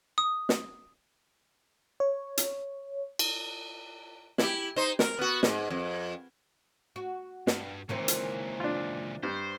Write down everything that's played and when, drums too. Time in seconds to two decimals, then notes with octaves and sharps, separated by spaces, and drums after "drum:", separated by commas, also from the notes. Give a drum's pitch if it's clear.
0.18 D#6
0.49 drum: snare
2.00 C#5
2.37 drum: hi-hat
3.19 drum: cymbal
4.38 E4 G4, drum: snare
4.76 D#4 C5
4.99 A#4, drum: snare
5.19 B3 F#4
5.43 G#2, drum: snare
5.70 F2
6.96 F#4
7.47 G2, drum: snare
7.89 C#2 A#2 D#3 E3 C4
8.08 drum: hi-hat
8.60 D4 F4
9.23 G2 C5